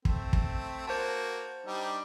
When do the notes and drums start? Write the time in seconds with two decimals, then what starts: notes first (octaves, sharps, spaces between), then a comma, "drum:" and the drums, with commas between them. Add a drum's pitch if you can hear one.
0.05 A3 C4, drum: kick
0.33 drum: kick
0.87 A#3 F#4 C5 A5
1.66 G3 D4 D#4